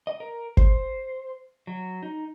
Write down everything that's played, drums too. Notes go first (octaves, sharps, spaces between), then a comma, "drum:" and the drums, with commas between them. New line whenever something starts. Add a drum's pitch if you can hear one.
D#5
A#4
C5, drum: kick G#1
F#3
D#4